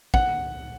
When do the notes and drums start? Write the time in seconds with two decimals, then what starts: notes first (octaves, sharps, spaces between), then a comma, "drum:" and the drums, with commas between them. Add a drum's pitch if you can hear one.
0.14 F#5, drum: kick